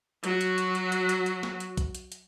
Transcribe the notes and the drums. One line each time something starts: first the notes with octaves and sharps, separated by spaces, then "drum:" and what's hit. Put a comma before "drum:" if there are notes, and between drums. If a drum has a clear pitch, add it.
F#3 F#4, drum: hi-hat
drum: hi-hat
drum: hi-hat
drum: hi-hat
drum: hi-hat
drum: hi-hat
drum: hi-hat
drum: snare
drum: hi-hat
drum: kick, hi-hat
drum: hi-hat
drum: hi-hat